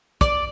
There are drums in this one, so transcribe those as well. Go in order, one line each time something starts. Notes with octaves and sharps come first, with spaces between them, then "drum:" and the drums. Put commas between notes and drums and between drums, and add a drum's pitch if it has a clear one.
D5, drum: kick, hi-hat